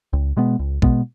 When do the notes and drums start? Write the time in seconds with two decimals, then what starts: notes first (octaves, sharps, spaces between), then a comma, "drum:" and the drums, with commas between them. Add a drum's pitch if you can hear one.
0.13 C#2
0.37 B2 G#3 B3
0.59 C#2
0.82 B2 G#3 B3, drum: kick A#1